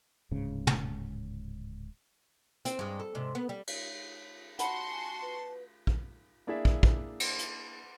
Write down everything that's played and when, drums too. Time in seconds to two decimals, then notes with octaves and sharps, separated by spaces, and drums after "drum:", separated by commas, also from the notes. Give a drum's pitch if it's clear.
0.31 D1 G#2 C#3
0.67 drum: tom
2.65 C4, drum: hi-hat
2.79 G2 G#3
3.00 A4
3.15 G#2 C3 D4
3.35 B3
3.49 G3
3.68 drum: cymbal
4.59 F#4 F#5 A5 B5 C6, drum: hi-hat
4.91 G#5
5.22 B4
5.87 drum: kick
6.47 A#3 D4 E4 G#4 D5 E5
6.65 drum: kick
6.83 drum: kick
7.20 drum: cymbal
7.39 drum: hi-hat